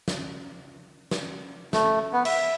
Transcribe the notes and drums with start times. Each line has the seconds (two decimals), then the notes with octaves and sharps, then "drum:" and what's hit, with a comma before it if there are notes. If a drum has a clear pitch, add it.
0.08 drum: snare
1.11 drum: snare
1.73 A3, drum: snare
2.13 B3
2.25 E5, drum: cymbal